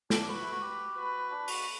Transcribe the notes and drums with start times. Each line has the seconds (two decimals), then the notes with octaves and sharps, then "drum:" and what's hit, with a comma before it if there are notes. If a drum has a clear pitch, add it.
0.10 D4, drum: snare
0.22 G4
0.27 F#4 B4
0.39 E4
0.51 F#4
0.61 G4
0.96 F#4 B4
1.30 D4
1.48 F#4, drum: open hi-hat